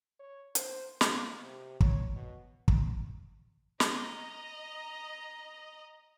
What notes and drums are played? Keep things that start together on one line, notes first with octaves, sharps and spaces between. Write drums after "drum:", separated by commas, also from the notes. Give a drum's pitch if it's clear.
C#5
C5, drum: hi-hat
A#3, drum: snare
C3
C#5, drum: kick
B2
drum: kick
D#5 A#5, drum: snare